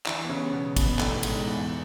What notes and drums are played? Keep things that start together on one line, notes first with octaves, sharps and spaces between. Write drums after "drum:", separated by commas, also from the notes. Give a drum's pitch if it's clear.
E3 E4, drum: clap
B3
C#3 C#4
B2 B3
B2 B3, drum: kick, cymbal
A2 A3, drum: clap
G#2 G#3, drum: cymbal
E2 E3